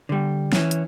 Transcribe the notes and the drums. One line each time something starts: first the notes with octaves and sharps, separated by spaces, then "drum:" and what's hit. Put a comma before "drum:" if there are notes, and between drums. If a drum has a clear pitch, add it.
D3 G3
E3 C#4, drum: snare
drum: hi-hat